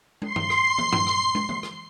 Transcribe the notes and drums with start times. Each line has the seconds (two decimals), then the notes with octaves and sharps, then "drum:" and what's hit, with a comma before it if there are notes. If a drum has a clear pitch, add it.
0.22 C6 C7, drum: tom
0.36 drum: tom G2
0.50 drum: rim click
0.78 drum: tom
0.92 drum: tom G2
1.06 drum: rim click
1.35 drum: tom
1.49 drum: tom
1.63 drum: rim click